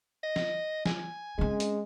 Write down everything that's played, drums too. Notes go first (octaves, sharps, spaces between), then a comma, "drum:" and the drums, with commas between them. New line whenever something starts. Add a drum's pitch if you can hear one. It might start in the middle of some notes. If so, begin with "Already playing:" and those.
D#5
drum: snare
G#5, drum: snare
G#3 C4 C#4
drum: hi-hat